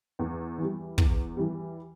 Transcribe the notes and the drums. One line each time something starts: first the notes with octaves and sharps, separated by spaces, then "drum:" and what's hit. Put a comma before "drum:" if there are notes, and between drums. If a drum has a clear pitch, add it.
E2
E3 G3
E2, drum: kick
E3 G3